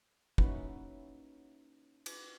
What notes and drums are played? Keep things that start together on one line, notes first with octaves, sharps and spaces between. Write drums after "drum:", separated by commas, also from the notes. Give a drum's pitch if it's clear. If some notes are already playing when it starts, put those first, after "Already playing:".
A#3 C#4 D#4 E4 F#4 B4, drum: kick
drum: cymbal